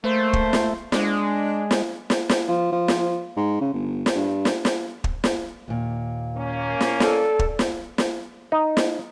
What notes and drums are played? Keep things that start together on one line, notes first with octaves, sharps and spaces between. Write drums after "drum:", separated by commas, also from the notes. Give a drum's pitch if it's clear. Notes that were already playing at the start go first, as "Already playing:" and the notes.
A3 A#3 C5
drum: kick
drum: snare
G#3 D4, drum: snare
drum: snare
drum: snare
drum: snare
F3
F3
drum: snare
G#2
C#3
G1
drum: snare
G2
drum: snare
drum: snare
drum: kick
drum: snare
D#2 A#2
A#3 C#4
drum: snare
A4 D5, drum: snare
drum: kick
drum: snare
drum: snare
D#4
drum: snare